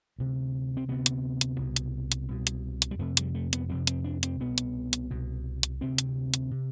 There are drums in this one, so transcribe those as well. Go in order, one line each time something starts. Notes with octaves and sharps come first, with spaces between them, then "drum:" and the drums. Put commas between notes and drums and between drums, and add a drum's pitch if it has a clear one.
D2 C3
C4
D2 C3 B3
drum: hi-hat
drum: hi-hat
C2 B2
drum: hi-hat
drum: hi-hat
C2 B2
drum: hi-hat
drum: hi-hat
G3
F2 C3 A3
G3, drum: hi-hat
A3
B3, drum: hi-hat
F2 C3 C4
C4, drum: hi-hat
D4
C4, drum: hi-hat
C2 B2 B3
drum: hi-hat
drum: hi-hat
C2 B2
drum: hi-hat
D2 C3 C4
drum: hi-hat
drum: hi-hat
C3